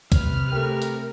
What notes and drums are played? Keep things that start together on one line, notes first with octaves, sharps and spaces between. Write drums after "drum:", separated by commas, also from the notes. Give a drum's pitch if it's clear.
C3 B4 F6, drum: kick, hi-hat
A3 G4 A#4
drum: hi-hat